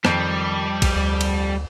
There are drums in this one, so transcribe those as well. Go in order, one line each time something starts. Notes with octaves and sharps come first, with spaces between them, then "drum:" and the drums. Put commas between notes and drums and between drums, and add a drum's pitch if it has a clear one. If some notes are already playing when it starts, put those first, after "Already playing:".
F2 D#3 G3 G6 C7, drum: rim click
drum: kick B1, cymbal
D2
drum: cymbal